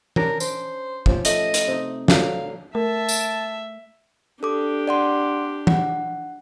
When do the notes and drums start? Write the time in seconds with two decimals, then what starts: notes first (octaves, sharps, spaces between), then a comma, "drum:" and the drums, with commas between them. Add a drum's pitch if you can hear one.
0.16 C#4 D4 G4 A#4, drum: tom E3
0.40 C5, drum: tambourine
1.06 F3 C#4 G4, drum: kick
1.25 A3 D#5, drum: hi-hat
1.54 drum: hi-hat
1.67 C3 D#4
2.08 D3 F#3 F5, drum: snare
2.75 A3 A#4 E5 A5
3.08 drum: tambourine
4.43 D4 G4 A4 D6
4.88 D5 F#5 C6
5.67 F#5, drum: tom E3